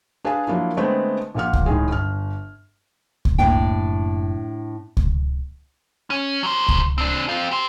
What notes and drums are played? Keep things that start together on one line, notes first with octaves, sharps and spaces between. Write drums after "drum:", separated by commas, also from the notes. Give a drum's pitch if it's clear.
D4 G#4 B4 F5 G#5 A5
F3 F#3 A#3 D4 E4
D3 G#3 A3 B3 C4
A#1 A#2 A#3 F#5 F6
drum: kick C#2
A2 D#3 G#3 G#4
G1 F6
drum: kick C#2
F#1 A2 A#3 D4 G5
drum: kick C#2
C#4
F#3 C5
drum: kick C#2
C4 D4
C4 F4
G4 C5